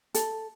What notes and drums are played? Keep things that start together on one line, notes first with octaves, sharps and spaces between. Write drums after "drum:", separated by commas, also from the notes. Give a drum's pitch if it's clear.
A4, drum: hi-hat